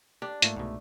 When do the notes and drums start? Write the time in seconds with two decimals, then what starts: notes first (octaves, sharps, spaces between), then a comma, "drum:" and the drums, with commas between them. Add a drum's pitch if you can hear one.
0.22 D4 G4
0.42 G#2 A3 A#3 F4, drum: hi-hat
0.56 C2 G#2 B2 A3